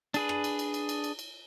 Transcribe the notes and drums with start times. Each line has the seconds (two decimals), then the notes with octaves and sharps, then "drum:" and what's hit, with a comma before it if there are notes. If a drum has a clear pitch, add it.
0.14 D4 G#4 B4, drum: cymbal
0.29 drum: rim click
0.44 drum: cymbal
0.59 drum: cymbal
0.74 drum: cymbal
0.89 drum: cymbal
1.04 drum: cymbal
1.19 drum: cymbal